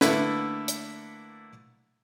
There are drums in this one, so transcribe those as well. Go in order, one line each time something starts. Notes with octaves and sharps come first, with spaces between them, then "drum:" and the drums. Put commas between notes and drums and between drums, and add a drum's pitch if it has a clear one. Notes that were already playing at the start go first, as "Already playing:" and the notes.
D3 A3 A#3 E4 A4 B4, drum: snare
drum: hi-hat